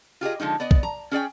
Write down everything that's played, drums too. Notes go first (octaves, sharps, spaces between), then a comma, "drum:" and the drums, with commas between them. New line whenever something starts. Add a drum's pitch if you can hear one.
F4 G4 G#4 D#5
D3 F3 G#3 D#4
B3 D5 D#5
drum: kick
A#5
C#4 G#4 D5 G5